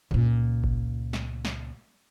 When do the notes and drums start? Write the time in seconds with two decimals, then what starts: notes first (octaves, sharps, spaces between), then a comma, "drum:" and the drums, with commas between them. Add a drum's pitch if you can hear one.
0.11 C#2 A#2, drum: tom
0.64 drum: kick G#1
1.13 drum: snare
1.45 drum: snare